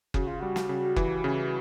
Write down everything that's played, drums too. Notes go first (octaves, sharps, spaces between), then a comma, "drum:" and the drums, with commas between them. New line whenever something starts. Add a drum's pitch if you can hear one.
C#3 F#4, drum: kick F#1
F4
G3 F#4
drum: snare
C#3
E3, drum: kick F#1
C#3